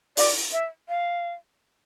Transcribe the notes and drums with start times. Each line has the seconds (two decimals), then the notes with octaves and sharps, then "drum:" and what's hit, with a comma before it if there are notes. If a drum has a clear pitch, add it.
0.17 D5, drum: open hi-hat
0.53 E5
0.89 F5